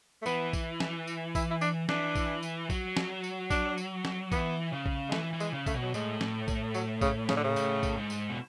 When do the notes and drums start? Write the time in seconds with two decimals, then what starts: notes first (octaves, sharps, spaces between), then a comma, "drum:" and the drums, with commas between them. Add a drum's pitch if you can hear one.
0.22 A3
0.26 E3 B3, drum: tambourine
0.53 drum: kick, tambourine
0.80 drum: snare
1.07 drum: tambourine
1.35 E4, drum: kick, tambourine
1.51 E4
1.61 D4, drum: tambourine
1.89 E3 D4, drum: snare
2.15 drum: kick, tambourine
2.43 drum: tambourine
2.70 F#3, drum: kick, tambourine
2.97 drum: snare
3.24 drum: tambourine
3.51 D4, drum: kick, tambourine
3.78 drum: tambourine
4.05 drum: snare
4.32 E3 B3, drum: kick, tambourine
4.72 C#3
4.86 drum: kick
5.09 G#3
5.12 E3 A3, drum: snare
5.33 E3
5.40 G#3, drum: tambourine
5.53 C#3
5.66 A3, drum: kick, tambourine
5.74 B2
5.82 F#3
5.94 A2 G#3, drum: tambourine
6.21 drum: snare
6.48 drum: kick, tambourine
6.74 F#3, drum: tambourine
7.01 C#3, drum: kick, tambourine
7.29 C#3, drum: snare
7.37 D3
7.44 C#3
7.56 A2, drum: tambourine
7.83 drum: kick, tambourine
7.97 G#2
8.10 drum: tambourine
8.30 B2